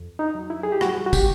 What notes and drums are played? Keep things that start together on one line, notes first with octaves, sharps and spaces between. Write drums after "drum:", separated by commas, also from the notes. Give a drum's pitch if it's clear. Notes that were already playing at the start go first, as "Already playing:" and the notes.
Already playing: F2
D#4
F#3
E4
G#4
G4
G3 F#4, drum: rim click
F#4
G4, drum: kick, tambourine